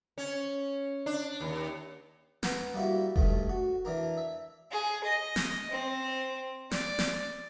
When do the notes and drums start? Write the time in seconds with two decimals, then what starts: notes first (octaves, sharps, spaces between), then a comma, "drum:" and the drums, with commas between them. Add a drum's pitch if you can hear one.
0.18 C#4
1.06 D4
1.40 D#2
2.43 B4 F#5 A#5, drum: snare
2.74 G3 A#3 E4 F#4
3.16 G2 D#3 A3, drum: kick F1
3.49 F#4
3.85 E3 D4 A#4
4.17 E5
4.72 G#4
5.04 D#5
5.36 drum: snare
5.71 C4
6.71 D5, drum: snare
6.99 drum: snare